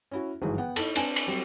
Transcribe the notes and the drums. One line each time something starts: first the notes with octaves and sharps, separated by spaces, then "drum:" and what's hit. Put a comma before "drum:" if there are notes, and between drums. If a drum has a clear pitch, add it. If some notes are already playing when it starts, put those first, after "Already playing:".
C#4 E4 F#4
G1 G#2 D#3 E3 F#3 G#4
B3 F#5 G5
D#4 E4 A4, drum: cymbal
C4 D4 B4 G#5, drum: cymbal
drum: cymbal
F#3 G3 C4